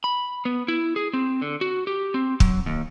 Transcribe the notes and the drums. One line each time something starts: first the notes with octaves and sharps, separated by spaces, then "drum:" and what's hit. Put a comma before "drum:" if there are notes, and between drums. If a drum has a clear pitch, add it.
B5
B3
E4
G#4
C4
D3
F#4
G4
C4
F#3, drum: kick
D#2